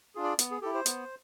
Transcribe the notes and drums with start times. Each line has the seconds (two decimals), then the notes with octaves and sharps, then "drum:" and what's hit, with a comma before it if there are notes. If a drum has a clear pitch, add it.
0.15 D4 F4 G#4
0.23 D5
0.39 B3, drum: hi-hat
0.51 G#4
0.62 E4 G4 A4
0.74 C5
0.86 B3, drum: hi-hat